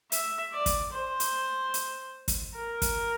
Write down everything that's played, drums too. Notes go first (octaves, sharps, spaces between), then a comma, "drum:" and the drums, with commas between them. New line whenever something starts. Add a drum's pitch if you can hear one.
E5, drum: hi-hat
D5
drum: kick, hi-hat
C5
drum: hi-hat
drum: hi-hat
drum: kick, hi-hat
A#4
drum: kick, hi-hat